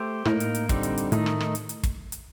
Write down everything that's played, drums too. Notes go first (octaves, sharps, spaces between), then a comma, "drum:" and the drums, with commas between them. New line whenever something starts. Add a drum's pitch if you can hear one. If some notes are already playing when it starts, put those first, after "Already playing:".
Already playing: A3 G4 C5
A2 A#3 D#4 A#4, drum: rim click
drum: hi-hat
drum: hi-hat
D3 G3 C4 D#4, drum: kick, hi-hat
drum: hi-hat
drum: hi-hat
A2 D#3 A3 D#4, drum: hi-hat
drum: rim click
drum: rim click
drum: hi-hat
drum: hi-hat
drum: kick, hi-hat
drum: hi-hat